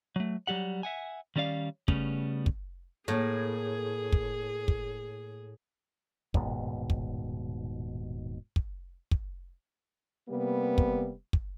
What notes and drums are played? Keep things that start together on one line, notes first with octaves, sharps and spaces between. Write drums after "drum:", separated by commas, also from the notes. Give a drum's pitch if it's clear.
F#3 A3
F#3 G3 G4 F#5
E5 F#5 G#5
D#3 G3 C#4 D5 F5
C#3 G3 A3 B3 C#4, drum: kick
drum: kick
A2 A#3 G#4
drum: kick
drum: kick
D#1 G#2 B2, drum: kick
drum: kick
drum: kick
drum: kick
C3 G3 A#3 B3
drum: kick
drum: kick